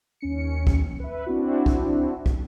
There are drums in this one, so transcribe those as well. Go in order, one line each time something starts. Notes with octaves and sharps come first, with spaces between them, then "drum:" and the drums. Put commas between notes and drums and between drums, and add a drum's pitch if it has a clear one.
D#2 C#4 C#7
drum: kick
B4 E5
C4 D4 E4 F#4
drum: kick
drum: kick